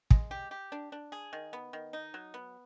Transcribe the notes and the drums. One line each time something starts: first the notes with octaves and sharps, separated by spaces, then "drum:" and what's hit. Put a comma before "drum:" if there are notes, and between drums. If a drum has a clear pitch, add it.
G#3, drum: kick
G4
G4
D4
D4
G#4
D#3
B3
D#3
D#4
F#3
B3